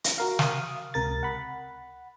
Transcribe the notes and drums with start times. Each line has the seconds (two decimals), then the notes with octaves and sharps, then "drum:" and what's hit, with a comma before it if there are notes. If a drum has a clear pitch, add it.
0.04 drum: hi-hat
0.18 F#4 A#4 F5
0.39 F5 D#6, drum: snare
0.94 C#2 C3 A#4 A6
1.23 F#5 B5